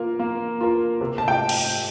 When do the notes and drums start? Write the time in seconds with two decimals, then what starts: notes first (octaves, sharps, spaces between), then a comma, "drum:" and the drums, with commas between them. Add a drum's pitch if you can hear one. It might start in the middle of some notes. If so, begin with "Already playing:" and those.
Already playing: A#3 F4 A#4
0.19 A#3
0.61 F4 A#4
1.01 C3
1.18 A5
1.28 G5
1.49 drum: cymbal